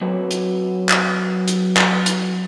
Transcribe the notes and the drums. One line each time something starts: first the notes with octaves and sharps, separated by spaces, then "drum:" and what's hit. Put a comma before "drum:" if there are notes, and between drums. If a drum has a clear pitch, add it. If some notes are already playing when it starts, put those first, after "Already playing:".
F#3 C4 F#4 A4 B4 C#5
drum: hi-hat
drum: clap
drum: hi-hat
drum: clap
drum: hi-hat